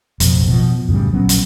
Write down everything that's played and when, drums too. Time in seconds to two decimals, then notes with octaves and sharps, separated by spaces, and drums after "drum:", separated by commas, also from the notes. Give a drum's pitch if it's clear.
0.20 A1 F2 B2, drum: hi-hat
0.49 B2 F3
0.88 F#2 A2 C#3 G3
1.12 A#1 F#3 B3 C#4
1.29 drum: hi-hat